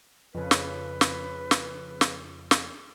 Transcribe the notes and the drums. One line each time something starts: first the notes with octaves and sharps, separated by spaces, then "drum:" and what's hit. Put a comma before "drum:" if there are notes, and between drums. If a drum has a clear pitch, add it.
F2 C#3 B4
drum: snare
drum: snare
drum: snare
drum: snare
drum: snare